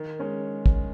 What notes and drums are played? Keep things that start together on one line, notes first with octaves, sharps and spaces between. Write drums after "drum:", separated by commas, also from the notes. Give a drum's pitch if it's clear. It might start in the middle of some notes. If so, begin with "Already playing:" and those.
Already playing: D#3
G#3 C#4
drum: kick